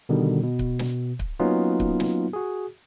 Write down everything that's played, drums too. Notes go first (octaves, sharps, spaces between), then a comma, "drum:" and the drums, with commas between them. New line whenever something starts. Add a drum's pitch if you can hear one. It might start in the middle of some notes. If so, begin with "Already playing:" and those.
B2 D3 D#3 G3
B2
drum: kick C#1
drum: snare
drum: kick C#1
F#3 A#3 B3 C#4 D#4 F4
drum: kick C#1
drum: snare
F#4 G#4